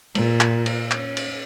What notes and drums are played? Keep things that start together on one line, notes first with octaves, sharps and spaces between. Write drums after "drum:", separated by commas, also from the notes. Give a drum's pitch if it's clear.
A#2, drum: cymbal
drum: clap
drum: cymbal
C#4, drum: clap
drum: cymbal